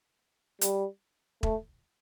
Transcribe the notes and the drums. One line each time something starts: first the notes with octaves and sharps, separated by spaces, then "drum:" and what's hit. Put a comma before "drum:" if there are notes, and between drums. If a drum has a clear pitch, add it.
G3, drum: hi-hat
A3, drum: kick E1